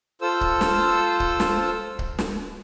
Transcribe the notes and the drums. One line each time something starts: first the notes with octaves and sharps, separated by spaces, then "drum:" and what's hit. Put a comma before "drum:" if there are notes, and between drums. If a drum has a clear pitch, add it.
F4 A4 C5 E6
drum: kick C#1
drum: snare
drum: kick C#1
drum: snare
drum: kick C#1
drum: snare